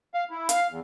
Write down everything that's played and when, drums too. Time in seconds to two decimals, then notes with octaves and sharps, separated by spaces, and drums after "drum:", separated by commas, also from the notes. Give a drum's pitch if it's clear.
0.14 F5
0.30 E4
0.49 F5, drum: hi-hat
0.70 E2